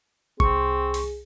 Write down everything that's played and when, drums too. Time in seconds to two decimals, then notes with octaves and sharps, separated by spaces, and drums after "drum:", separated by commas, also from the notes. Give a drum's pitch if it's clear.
0.40 C2 C4 G#4 C#6, drum: kick G#1
0.94 drum: open hi-hat